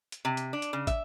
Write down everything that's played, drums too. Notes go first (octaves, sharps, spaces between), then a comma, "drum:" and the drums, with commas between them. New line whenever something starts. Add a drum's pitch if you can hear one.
drum: hi-hat
C3
drum: hi-hat
D4
drum: hi-hat
C#3
E5, drum: kick, hi-hat